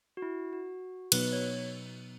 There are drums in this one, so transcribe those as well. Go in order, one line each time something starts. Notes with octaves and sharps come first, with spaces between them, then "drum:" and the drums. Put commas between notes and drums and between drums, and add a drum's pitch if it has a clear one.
F#4
E4
F#4
B2 F#3 B3 D#4 B4, drum: cymbal
C#5